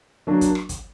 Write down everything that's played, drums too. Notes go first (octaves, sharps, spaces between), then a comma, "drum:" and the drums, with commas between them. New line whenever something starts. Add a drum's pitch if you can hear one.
F#3 A#3 D4
drum: kick, hi-hat
drum: rim click
drum: kick, hi-hat